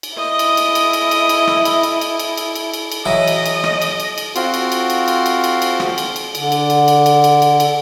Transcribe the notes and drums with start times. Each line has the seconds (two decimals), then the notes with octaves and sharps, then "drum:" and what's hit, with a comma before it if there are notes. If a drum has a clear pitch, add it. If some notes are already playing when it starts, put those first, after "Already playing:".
0.03 drum: cymbal
0.18 E4 D#5
0.39 drum: cymbal
0.57 drum: cymbal
0.75 drum: cymbal
0.93 drum: cymbal
1.11 drum: cymbal
1.29 drum: cymbal
1.47 drum: rim click
1.65 drum: cymbal
1.83 drum: cymbal
2.01 drum: cymbal
2.19 drum: cymbal
2.37 drum: cymbal
2.55 drum: cymbal
2.73 drum: cymbal
2.92 drum: cymbal
3.06 E3 F#3 E4 D#5
3.28 drum: cymbal
3.46 drum: cymbal
3.64 drum: rim click
3.82 drum: cymbal
4.00 drum: cymbal
4.18 drum: cymbal
4.36 C4 F4 F#4 C6, drum: cymbal
4.54 drum: cymbal
4.72 drum: cymbal
4.90 drum: cymbal
5.08 drum: cymbal
5.26 drum: cymbal
5.44 drum: cymbal
5.62 drum: cymbal
5.80 drum: rim click
5.98 drum: cymbal
6.16 drum: cymbal
6.35 D3, drum: cymbal
6.52 drum: cymbal
6.70 drum: cymbal
6.88 drum: cymbal
7.06 drum: cymbal
7.24 drum: cymbal
7.42 drum: cymbal
7.60 drum: cymbal